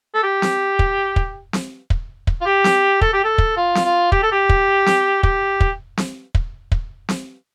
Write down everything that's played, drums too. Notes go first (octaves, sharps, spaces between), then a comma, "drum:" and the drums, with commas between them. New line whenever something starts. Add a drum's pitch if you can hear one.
A4
G4
drum: snare C4
drum: kick
drum: kick
drum: snare C4
drum: kick
drum: kick
F4
G4
drum: snare C4
A4, drum: kick
G4
A4
drum: kick
F4
drum: snare C4
F4
G4, drum: kick
A4
G4
drum: kick
drum: snare C4
G4, drum: kick
drum: kick
drum: snare C4
drum: kick
drum: kick
drum: snare C4